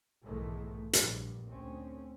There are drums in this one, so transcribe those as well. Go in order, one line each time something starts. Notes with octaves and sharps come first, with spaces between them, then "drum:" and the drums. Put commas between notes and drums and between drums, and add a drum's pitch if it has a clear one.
B1 G#2 D#3 E3 G#3 A3
A#1 G2 A#2, drum: hi-hat
D2 C4 C#4